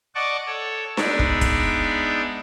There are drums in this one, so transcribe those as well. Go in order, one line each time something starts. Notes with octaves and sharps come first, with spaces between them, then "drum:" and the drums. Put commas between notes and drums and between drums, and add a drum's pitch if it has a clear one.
D5 D#5 F#5 A5 C#6 D6
A4 C#5
G#3 B3 D4 D#4 D5 E5, drum: snare D4
drum: kick
drum: kick, hi-hat